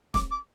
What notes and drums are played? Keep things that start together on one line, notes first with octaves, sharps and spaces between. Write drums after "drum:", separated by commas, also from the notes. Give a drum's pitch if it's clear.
D6, drum: snare
D6